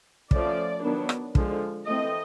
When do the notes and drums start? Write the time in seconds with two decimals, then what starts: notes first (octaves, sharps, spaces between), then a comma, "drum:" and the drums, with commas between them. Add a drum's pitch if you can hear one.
0.31 F3 A3 C#4 D5, drum: kick
0.84 D#3 F#3 B3 D4
1.09 drum: rim click
1.35 D3 F3 G#3, drum: kick
1.86 E3 A3 C4 D#5